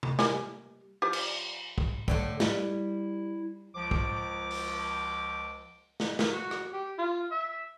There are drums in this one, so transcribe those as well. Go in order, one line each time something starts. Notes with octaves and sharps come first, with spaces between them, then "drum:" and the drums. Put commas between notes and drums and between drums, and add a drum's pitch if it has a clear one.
drum: tom C3
G3 A#3 G#5, drum: snare
F3 G4
drum: cymbal
drum: kick
A2 D3 A3, drum: kick
G3 E4, drum: snare
C#2 F3 D6
drum: kick
drum: open hi-hat
drum: snare
A#3, drum: snare
F#4
drum: rim click
G4
F4
E5